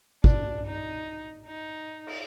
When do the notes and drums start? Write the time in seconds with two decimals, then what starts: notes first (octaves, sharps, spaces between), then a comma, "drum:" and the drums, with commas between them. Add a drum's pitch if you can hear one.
0.24 D4, drum: kick
0.67 D#4
1.46 D#4
2.07 drum: cymbal